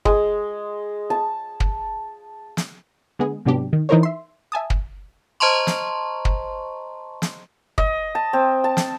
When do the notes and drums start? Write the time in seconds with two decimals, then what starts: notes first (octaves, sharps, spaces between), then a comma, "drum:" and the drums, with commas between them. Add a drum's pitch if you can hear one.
0.05 G#3, drum: kick
1.10 A5
1.60 drum: kick
2.57 drum: snare
3.19 D3 G#3 B3 G#4
3.45 G#2 C3 F#3 B3 D4 G4
3.73 D#3
3.89 E3 D#4 E4 A#4 C5 C#5
4.03 E5 C6
4.52 E5 G#5 A5 D#6
4.70 drum: kick
5.40 C5 D#5 A5 A#5 C6 C#6
5.67 drum: snare
6.25 drum: kick
7.22 drum: snare
7.78 D#5, drum: kick
8.15 A5
8.33 C4
8.64 A5
8.77 drum: snare